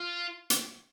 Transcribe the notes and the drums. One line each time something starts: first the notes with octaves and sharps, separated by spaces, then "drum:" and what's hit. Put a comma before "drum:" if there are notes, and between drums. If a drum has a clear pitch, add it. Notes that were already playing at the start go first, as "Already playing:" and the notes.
Already playing: F4
drum: hi-hat